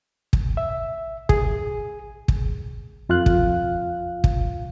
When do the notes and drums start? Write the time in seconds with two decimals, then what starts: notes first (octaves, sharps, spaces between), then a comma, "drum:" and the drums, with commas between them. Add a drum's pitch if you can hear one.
0.33 drum: kick
0.57 E5
1.29 G#4, drum: kick
2.28 drum: kick
3.09 F2 F4 F5 F#6
3.26 drum: kick
4.24 drum: kick